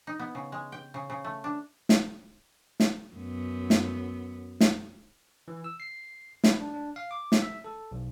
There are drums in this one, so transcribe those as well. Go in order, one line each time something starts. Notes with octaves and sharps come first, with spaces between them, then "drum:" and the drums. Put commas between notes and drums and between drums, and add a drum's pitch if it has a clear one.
D#4
B3
C#3
G#3
G5
C#3
C#3
A3
D4
drum: snare
drum: snare
F#2 B3
drum: snare
drum: snare
E3
E6
C7
E4, drum: snare
D4
D4
F5
D6
drum: snare
E5
A4
B1